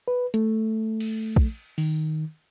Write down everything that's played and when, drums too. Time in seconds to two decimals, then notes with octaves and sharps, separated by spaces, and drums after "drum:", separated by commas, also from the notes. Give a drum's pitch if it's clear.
0.08 B4
0.34 A3, drum: hi-hat
1.00 drum: cymbal
1.36 drum: kick
1.78 D#3, drum: open hi-hat